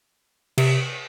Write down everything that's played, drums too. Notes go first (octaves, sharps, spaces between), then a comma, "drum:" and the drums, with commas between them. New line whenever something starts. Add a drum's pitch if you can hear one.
C3, drum: cymbal